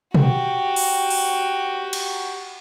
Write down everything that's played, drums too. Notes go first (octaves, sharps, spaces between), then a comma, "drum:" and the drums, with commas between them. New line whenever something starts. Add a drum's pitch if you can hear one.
F#4 G4, drum: tom
drum: open hi-hat
drum: open hi-hat
drum: cymbal